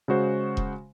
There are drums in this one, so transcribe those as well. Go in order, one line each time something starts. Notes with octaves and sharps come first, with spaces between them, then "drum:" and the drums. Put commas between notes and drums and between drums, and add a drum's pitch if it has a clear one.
C#3 G#3 F#4 C5
drum: kick E1